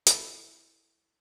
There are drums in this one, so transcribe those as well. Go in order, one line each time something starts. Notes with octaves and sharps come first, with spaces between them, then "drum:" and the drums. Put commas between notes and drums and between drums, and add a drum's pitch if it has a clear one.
E4 A4, drum: hi-hat